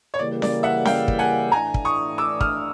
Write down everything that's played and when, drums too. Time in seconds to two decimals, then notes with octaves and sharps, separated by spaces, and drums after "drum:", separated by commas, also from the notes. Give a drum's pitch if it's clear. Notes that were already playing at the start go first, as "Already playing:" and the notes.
0.14 C#5
0.19 C#3 E3 G3 A#3 D5
0.42 D5, drum: snare C#4
0.63 E5 F#5
0.85 F5 G5, drum: snare C#4
1.08 drum: kick
1.19 F#5 G#5
1.52 A2 E3 A3 D4 G#5 A#5
1.74 drum: kick
1.85 C#6 D#6
2.18 D6 E6
2.41 D#6 F6, drum: kick